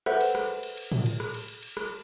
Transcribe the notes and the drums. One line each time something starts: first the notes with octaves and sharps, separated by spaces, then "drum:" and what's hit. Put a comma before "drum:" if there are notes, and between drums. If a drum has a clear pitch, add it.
A4 B4 C5 E5 F#5, drum: rim click
drum: cymbal
drum: rim click
drum: cymbal
drum: cymbal
drum: tom A2
drum: cymbal
drum: rim click
drum: cymbal
drum: cymbal
drum: cymbal
drum: rim click